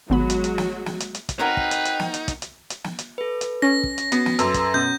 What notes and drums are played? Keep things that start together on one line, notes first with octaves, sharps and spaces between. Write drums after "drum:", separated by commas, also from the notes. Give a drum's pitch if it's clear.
G#1 F#3 G#3 B3 F#4 B5
drum: hi-hat
drum: hi-hat
drum: snare
drum: snare
drum: hi-hat
drum: hi-hat
drum: kick, hi-hat
C4 D#4 F#4 A#4 B4 C#5
drum: kick
drum: hi-hat
drum: hi-hat
drum: snare
drum: hi-hat
drum: kick, hi-hat
drum: hi-hat
drum: hi-hat
drum: snare
drum: hi-hat
A4 B4
drum: hi-hat
C#4 A#6
drum: kick
drum: hi-hat
B3 F#4, drum: hi-hat
drum: snare
F#2 A4 B4 C6 E6, drum: hi-hat
drum: kick, hi-hat
B2 C#4 G6